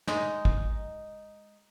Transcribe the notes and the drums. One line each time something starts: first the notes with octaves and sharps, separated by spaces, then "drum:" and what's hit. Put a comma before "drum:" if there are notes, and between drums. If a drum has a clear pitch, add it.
G#3 D#4, drum: snare
drum: kick